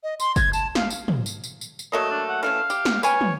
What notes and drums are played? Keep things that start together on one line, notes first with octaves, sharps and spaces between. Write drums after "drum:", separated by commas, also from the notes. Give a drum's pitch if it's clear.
D#5
C6, drum: tambourine
G#6, drum: kick, tambourine
A5, drum: tambourine
F5, drum: snare
drum: tambourine
drum: tom
drum: tambourine
drum: tambourine
drum: tambourine
drum: tambourine
F#3 A3 A#3 D#5
D4
F#5
E3 A3 C#4 F5
G4, drum: tambourine
drum: snare
B4 C#5 G5 G#5, drum: tambourine
drum: tom